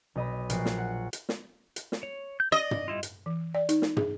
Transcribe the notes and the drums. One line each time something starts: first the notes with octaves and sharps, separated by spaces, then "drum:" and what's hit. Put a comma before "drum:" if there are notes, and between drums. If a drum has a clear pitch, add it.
B1 D#5 B5
A#1 F#6 C7 D7, drum: hi-hat
drum: snare
F#5
drum: hi-hat
drum: snare
drum: hi-hat
drum: snare
C#5
G6
D5 D#5
drum: tom
G3 E4 F4
drum: hi-hat
E3
D5
D#4, drum: hi-hat
drum: snare
G#4, drum: tom